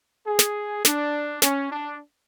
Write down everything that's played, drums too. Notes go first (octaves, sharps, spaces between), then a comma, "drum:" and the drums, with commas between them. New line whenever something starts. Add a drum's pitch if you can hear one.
G#4
drum: snare
D4, drum: snare
C#4, drum: snare
D4